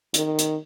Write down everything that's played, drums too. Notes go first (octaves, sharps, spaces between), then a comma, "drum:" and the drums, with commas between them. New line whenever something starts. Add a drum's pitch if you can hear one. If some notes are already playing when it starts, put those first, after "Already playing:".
D#3, drum: hi-hat
drum: hi-hat